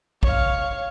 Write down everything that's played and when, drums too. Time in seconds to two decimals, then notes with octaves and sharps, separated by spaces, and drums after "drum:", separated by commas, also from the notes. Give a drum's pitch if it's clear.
0.23 C#5 F5, drum: kick